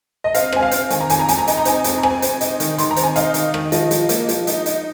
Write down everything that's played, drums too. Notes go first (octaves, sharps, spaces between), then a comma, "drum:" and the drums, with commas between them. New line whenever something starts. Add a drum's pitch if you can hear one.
D#5
C4 F5, drum: hi-hat
C4 G#5, drum: rim click
F5
C4, drum: hi-hat
D#3 G#5, drum: hi-hat
A#5
F2 G#5, drum: hi-hat
A#5
F2 G#5, drum: hi-hat
A#5
D#4 G#5, drum: hi-hat
A#5
C4 G#5, drum: hi-hat
F2, drum: hi-hat
A#5
C4 G#5, drum: rim click
C4, drum: hi-hat
D#4, drum: hi-hat
D#3, drum: hi-hat
D#3 C6, drum: hi-hat
A#5
C4, drum: hi-hat
G#5
D#4 F5, drum: hi-hat
D#3, drum: hi-hat
D#3, drum: rim click
F3 D#5, drum: hi-hat
F3, drum: hi-hat
A#3, drum: hi-hat
F3, drum: hi-hat
D#4, drum: hi-hat
D#4, drum: hi-hat